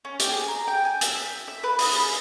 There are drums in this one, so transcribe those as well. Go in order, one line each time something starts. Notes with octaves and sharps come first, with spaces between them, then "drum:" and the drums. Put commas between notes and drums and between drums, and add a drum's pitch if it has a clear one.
C#4
G4, drum: hi-hat
G#4
A#5
G5
G#5
E6, drum: hi-hat
E5
E5
B4
D#6, drum: open hi-hat
G#4